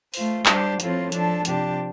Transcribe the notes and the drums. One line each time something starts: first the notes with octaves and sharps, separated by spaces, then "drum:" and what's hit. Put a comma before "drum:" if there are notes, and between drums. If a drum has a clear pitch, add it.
A3 F4 C5, drum: open hi-hat
G3 D4 G4 C5, drum: clap
A2 F3 C4 F4, drum: hi-hat
F3 D4 A4, drum: hi-hat
C3 F3 D4 G4, drum: hi-hat